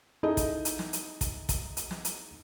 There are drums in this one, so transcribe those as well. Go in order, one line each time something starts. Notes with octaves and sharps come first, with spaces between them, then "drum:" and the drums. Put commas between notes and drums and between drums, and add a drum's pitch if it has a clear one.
D#4 E4 G#4 A4 D#5
drum: kick, hi-hat
drum: hi-hat
drum: snare
drum: hi-hat
drum: kick, hi-hat
drum: kick, hi-hat
drum: hi-hat
drum: snare
drum: hi-hat